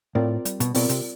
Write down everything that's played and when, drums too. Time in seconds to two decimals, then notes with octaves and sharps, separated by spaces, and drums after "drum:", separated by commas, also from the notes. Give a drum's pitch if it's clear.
0.15 A2 C4 F4 A#4 D5
0.45 G3, drum: hi-hat
0.60 B2, drum: hi-hat
0.74 B2 C4 F4 A#4 D5, drum: open hi-hat
0.89 C3, drum: hi-hat